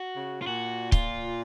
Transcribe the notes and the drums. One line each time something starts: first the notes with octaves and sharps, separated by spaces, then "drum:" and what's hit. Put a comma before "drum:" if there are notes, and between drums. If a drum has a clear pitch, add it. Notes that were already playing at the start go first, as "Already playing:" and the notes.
Already playing: F#4
C#3
F4
A#2 F#4
F4, drum: kick C#1